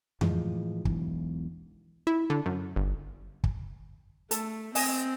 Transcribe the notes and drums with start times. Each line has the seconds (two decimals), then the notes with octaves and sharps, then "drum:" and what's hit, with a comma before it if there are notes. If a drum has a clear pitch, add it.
0.21 A2 E3 F3 G#3, drum: tom F2
0.85 E1 B1 E3, drum: kick
2.07 E4
2.30 D3
2.46 F#2
2.76 G1
3.44 drum: kick
4.31 A3 A4, drum: hi-hat
4.75 C4 D#5 G#5, drum: open hi-hat